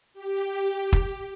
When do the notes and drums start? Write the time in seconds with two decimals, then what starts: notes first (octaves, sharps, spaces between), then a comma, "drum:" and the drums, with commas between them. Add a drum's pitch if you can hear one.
0.14 G4
0.93 drum: kick